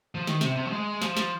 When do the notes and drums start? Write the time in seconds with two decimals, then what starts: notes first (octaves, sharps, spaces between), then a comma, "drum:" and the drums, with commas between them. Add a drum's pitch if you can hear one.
0.15 F3
0.27 D#3, drum: snare
0.41 C3, drum: snare
0.56 C3
0.66 F3
0.71 G#3
1.02 F3, drum: snare
1.17 drum: snare